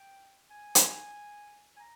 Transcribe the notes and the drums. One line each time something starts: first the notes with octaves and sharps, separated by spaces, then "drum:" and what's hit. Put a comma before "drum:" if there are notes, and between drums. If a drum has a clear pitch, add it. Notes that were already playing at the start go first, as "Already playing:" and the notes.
Already playing: G5
G#5
drum: hi-hat
G#5
A#5